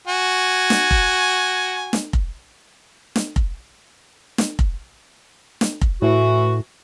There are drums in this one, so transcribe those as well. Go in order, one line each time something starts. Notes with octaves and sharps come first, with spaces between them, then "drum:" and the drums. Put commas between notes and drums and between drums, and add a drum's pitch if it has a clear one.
F#4 G#5
drum: snare
drum: kick F1
drum: snare
drum: kick F1
drum: snare
drum: kick F1
drum: snare
drum: kick F1
drum: snare
drum: kick F1
A2 E3 F#4